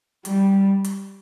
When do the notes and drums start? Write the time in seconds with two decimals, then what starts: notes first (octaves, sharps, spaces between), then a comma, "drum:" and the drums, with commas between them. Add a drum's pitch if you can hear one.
0.25 G3, drum: hi-hat
0.84 drum: hi-hat